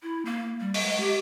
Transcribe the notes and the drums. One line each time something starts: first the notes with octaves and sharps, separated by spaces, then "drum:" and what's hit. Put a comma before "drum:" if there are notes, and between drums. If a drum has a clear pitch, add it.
E4
A#3
G3
drum: open hi-hat
G#3
G4